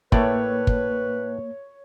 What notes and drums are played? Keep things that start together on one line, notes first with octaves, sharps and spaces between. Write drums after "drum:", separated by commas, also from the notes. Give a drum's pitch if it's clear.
A2 A3 A#3 B4 C#5 D5, drum: kick
drum: kick